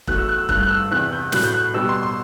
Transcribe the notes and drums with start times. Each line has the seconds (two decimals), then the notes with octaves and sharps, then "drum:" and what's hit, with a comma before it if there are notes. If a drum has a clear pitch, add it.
0.07 E2 D#3 F#3 A3 F#6, drum: kick E1
0.18 E6
0.28 F#6
0.38 E6
0.49 G2 D#3 A3 F#6, drum: kick E1
0.63 F#6
0.70 E6
0.91 E2 C3 E3 F#6
1.12 G6
1.32 A2 F#3 A3 F#6, drum: snare
1.44 G6
1.54 F#6
1.74 B2 G3 E6
1.89 C6
2.03 C6